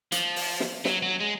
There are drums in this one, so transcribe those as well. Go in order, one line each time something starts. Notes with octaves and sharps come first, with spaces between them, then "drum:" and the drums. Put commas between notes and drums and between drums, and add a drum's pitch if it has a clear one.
F3, drum: hi-hat
drum: open hi-hat
drum: snare
F#3, drum: snare
F#3
G#3